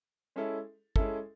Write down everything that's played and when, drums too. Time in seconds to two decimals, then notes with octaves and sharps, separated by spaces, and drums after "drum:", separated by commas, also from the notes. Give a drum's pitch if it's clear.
0.36 G#3 C#4 E4 A4
0.96 G#3 C#4 E4 A4, drum: kick